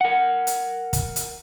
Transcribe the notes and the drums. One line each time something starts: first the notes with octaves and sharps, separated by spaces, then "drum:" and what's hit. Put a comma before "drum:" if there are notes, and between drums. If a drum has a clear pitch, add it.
A#4 F#5
drum: hi-hat
drum: kick, hi-hat
drum: hi-hat